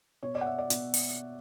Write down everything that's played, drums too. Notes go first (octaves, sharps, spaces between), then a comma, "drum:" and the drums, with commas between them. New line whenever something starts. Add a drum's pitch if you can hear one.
B2 C#5
D5
F#5
E5
D5
B2, drum: hi-hat
drum: open hi-hat